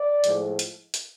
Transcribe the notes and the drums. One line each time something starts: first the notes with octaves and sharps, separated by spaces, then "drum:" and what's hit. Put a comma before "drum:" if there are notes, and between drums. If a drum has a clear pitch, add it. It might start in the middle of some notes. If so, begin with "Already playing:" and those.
Already playing: D5
A2 F3 G#3, drum: hi-hat
drum: hi-hat
drum: hi-hat